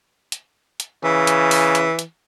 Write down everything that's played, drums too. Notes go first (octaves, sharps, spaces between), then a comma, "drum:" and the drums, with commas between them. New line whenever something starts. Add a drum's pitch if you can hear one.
drum: hi-hat
drum: hi-hat
C#3 E3
drum: hi-hat
drum: open hi-hat
drum: hi-hat
drum: hi-hat